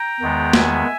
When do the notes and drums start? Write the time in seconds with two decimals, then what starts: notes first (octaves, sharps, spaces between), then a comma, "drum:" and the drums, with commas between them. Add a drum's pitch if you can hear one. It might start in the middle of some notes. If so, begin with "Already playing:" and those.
Already playing: G5 A#5
0.20 E2 D#3 G#3 B3
0.53 E5 G#5, drum: snare